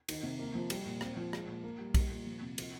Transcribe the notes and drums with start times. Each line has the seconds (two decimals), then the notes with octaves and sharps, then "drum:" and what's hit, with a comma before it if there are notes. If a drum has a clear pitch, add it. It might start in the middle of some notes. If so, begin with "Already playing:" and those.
0.08 D#3, drum: cymbal
0.23 C3
0.39 A#3
0.55 F3
0.70 G3, drum: cymbal
0.86 A#2
1.01 C4, drum: rim click
1.17 F3
1.33 G#3, drum: rim click
1.48 A#2
1.63 A#3
1.79 G3
1.94 G3, drum: kick B1, cymbal
2.11 A#2
2.27 F3
2.41 C3
2.58 F3, drum: cymbal